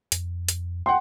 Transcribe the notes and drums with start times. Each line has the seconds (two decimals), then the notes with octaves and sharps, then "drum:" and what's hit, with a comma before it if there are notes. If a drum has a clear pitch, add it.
0.12 F2, drum: hi-hat
0.49 drum: hi-hat
0.86 F#5 G5 C6